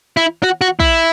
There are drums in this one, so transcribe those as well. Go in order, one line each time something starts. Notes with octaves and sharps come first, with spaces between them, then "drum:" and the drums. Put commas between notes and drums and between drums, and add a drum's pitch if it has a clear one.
E4
F#4
F#4
E4, drum: kick